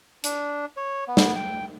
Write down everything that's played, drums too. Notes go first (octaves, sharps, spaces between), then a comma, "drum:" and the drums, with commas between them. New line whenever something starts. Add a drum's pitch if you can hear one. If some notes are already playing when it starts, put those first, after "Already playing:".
D4, drum: hi-hat
C#5
B3
drum: snare
G5